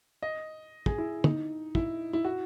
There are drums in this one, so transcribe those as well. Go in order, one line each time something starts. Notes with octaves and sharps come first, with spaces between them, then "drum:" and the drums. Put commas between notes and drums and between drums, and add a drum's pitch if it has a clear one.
D#5
G#4, drum: kick
E4
D#4, drum: tom
E4, drum: kick
E4
F#4